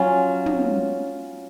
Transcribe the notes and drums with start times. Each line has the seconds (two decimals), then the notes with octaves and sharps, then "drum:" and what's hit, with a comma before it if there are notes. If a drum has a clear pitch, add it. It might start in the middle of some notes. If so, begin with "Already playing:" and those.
Already playing: F#3 C#4 F4
0.46 drum: tom